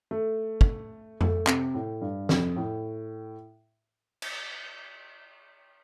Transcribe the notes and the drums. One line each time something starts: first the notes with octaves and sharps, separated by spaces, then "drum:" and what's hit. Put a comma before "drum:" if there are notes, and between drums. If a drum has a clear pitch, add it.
A3
drum: kick
A3, drum: tom F2
C3, drum: clap
A2
G2
F2, drum: snare
A2
drum: cymbal